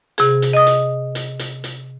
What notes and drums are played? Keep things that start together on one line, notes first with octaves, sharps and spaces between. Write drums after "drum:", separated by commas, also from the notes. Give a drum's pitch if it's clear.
C3 G#4, drum: hi-hat
drum: hi-hat
D#5 D#6
drum: hi-hat
drum: hi-hat
drum: hi-hat
drum: hi-hat